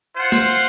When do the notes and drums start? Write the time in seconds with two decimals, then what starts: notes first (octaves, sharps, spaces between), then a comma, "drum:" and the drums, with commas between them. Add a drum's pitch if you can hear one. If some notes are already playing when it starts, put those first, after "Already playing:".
0.17 F4 C5 F#5
0.32 drum: snare